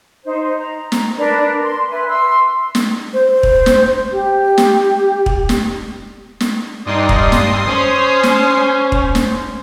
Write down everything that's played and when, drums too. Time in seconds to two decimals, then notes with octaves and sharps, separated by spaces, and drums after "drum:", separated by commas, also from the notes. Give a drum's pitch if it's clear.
0.25 D#4 C5
0.59 A#5
0.92 drum: snare
1.17 D4 A#4 B4 D5
1.64 C6
1.90 B4 E5 G#5
2.08 C6 E6
2.75 drum: snare
3.14 C5
3.43 drum: kick
3.66 drum: snare
4.12 G4
4.58 drum: snare
5.26 drum: kick
5.49 drum: snare
6.40 drum: snare
6.87 G2 D#4 D5 C6 D#6
7.09 drum: kick
7.32 drum: snare
7.68 C#4 C5
8.23 drum: snare
8.92 drum: kick
9.15 drum: snare